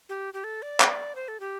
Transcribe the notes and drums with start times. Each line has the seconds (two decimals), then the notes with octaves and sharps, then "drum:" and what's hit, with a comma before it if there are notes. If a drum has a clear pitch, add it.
0.09 G4
0.34 G4
0.44 A4
0.62 D5
0.80 drum: clap
1.15 C5
1.28 A4
1.40 G4